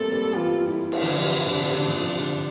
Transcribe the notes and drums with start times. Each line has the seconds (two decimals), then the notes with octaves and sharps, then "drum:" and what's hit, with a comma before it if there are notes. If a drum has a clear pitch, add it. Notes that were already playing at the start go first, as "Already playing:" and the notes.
Already playing: G3 A3 A#3 C4 A4
0.12 G3 A#3
0.35 E3 G3 F4
0.69 E4
0.92 drum: cymbal
1.02 D3 F3 D4
1.19 C3 E3
1.36 C3
1.46 D3
1.53 C3
1.70 D3
1.87 D3 F3
2.03 C3
2.21 D3